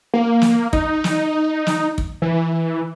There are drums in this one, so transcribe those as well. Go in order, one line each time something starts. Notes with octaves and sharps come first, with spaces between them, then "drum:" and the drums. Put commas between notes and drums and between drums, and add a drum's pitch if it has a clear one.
A#3
drum: snare
D#4, drum: kick
drum: snare
drum: snare
drum: kick
E3